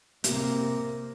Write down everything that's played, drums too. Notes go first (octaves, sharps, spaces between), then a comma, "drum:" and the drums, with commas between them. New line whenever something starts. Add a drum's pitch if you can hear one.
C3 A#3, drum: hi-hat